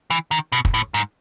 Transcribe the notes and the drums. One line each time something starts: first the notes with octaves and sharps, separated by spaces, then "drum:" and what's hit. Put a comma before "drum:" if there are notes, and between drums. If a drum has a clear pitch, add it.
E3
D#3
B2
drum: kick
A2
G#2